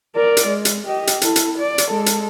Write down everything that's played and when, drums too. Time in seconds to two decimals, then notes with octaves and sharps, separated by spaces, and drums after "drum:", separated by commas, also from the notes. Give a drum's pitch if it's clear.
0.16 A#4 D5
0.37 drum: hi-hat
0.47 G#3
0.65 drum: hi-hat
0.87 G4 D#5
1.07 drum: hi-hat
1.22 E4 A4, drum: hi-hat
1.36 drum: hi-hat
1.58 D5
1.78 drum: hi-hat
1.89 G#3 A4
2.06 drum: hi-hat